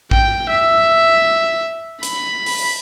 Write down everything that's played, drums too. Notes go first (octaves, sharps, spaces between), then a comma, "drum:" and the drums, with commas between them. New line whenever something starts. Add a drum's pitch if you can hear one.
G5, drum: kick A1
E5
B5, drum: hi-hat
drum: open hi-hat